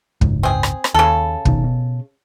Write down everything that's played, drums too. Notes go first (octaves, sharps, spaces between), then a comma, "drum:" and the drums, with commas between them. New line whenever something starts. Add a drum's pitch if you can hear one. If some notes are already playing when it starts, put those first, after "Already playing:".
F#1 C#2 G#2, drum: kick
C4 G#4
drum: rim click
drum: rim click
D#2 C#3 A4
C2 B2 D#3, drum: kick
B2